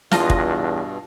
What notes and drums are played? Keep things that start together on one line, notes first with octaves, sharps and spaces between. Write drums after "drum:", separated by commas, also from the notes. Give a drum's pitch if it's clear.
E2 G2 B2 F4 D#5 F5 A5 A#6, drum: snare
drum: kick